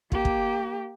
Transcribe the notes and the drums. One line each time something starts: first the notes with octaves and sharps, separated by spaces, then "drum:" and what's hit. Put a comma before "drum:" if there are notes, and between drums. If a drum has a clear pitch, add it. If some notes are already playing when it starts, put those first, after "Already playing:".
A#3 G4, drum: kick
drum: kick